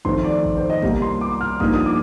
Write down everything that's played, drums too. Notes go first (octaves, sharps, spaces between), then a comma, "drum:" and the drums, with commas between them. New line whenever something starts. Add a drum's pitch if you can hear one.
F2 D#3 A3 C4 C6, drum: kick A1
D5
drum: kick A1
C5
D#5
C2 C3 G3 A#3, drum: kick A1
C6
D6
F6
G2 F3 A#3 D#4 D#6, drum: kick A1
D#6
D6